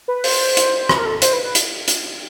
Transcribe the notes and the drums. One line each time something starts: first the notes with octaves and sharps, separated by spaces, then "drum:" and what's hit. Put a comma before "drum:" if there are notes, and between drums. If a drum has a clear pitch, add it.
B4
C5, drum: open hi-hat
drum: hi-hat
B4, drum: rim click
A#4
A4
C5, drum: hi-hat
B4
B4
drum: hi-hat
drum: hi-hat